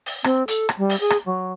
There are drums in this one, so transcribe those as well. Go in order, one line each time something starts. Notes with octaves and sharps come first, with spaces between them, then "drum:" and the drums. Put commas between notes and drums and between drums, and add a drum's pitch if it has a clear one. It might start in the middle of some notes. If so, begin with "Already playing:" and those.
drum: open hi-hat
C4, drum: rim click
A4, drum: hi-hat
drum: rim click
G3
drum: open hi-hat
G#4
drum: rim click
F#3